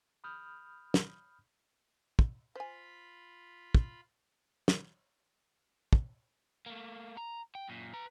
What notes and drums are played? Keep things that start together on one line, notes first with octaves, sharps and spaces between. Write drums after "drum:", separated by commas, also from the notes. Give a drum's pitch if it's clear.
B5 D#6 F6 G6
drum: snare
drum: kick
F4 C5 G#5 B5
drum: kick
drum: snare
drum: kick
A3 A#3
A#5
G5
F#2 A#2
B4 A#5